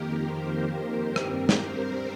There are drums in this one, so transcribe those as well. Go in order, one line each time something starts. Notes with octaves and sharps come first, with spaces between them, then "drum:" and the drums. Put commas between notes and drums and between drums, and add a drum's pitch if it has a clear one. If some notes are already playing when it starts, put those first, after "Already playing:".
Already playing: F2 D#3 A#3 G4 A#4
C5
G2 G3 C4 A#4
drum: rim click
C5, drum: snare